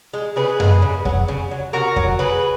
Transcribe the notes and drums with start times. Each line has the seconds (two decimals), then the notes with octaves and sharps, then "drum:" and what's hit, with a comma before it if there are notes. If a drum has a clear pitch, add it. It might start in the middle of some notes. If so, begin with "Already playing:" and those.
0.14 G#3
0.36 C#3 G#4 B4
0.60 G#3, drum: tom F#2
0.82 C#3
1.05 F#3, drum: kick F2
1.28 C#3
1.51 F#3
1.73 C#3 F#4 A#4
1.96 F#3, drum: kick F2
2.19 C#3 G#4 B4